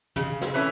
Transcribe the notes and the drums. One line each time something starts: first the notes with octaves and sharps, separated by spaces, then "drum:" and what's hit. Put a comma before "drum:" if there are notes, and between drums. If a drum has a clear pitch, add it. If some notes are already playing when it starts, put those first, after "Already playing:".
C#3, drum: tom
drum: snare
E3 A3 C#4